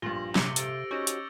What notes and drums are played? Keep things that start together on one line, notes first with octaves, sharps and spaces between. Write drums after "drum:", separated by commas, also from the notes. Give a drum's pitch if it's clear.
A#1 G2 F4 A#6 F#7
C3 D6 C#7 G7, drum: snare
G4 A4 C5 E6 A6 D7, drum: hi-hat
C#4 D#4 F#4 C#6 E6 G6
drum: hi-hat